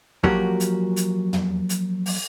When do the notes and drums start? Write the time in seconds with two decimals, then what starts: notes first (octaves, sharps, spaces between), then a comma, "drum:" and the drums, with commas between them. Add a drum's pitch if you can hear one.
0.23 F3 F#3 A#3 F#4 G4 A#4, drum: kick
0.60 drum: hi-hat
0.96 drum: hi-hat
1.33 drum: tom
1.69 drum: hi-hat
2.06 drum: open hi-hat